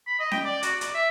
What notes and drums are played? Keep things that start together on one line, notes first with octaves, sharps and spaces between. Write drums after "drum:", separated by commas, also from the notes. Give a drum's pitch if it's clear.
B5
D#5
G5, drum: snare C#4
D5
F#4, drum: hi-hat
D5, drum: hi-hat
E5